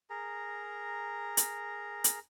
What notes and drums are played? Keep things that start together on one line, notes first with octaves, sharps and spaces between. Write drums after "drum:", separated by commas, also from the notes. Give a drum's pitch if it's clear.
G#4 A#4 A#5
drum: hi-hat
drum: hi-hat